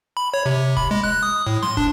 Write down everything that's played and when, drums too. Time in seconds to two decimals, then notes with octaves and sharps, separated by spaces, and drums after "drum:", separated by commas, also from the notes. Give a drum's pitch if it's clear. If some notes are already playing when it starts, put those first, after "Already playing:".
0.17 B5
0.34 C#5
0.46 C3
0.77 B5, drum: kick
0.91 G#3
1.04 F#6
1.23 D#6
1.47 A2
1.63 C6, drum: snare
1.77 D4, drum: kick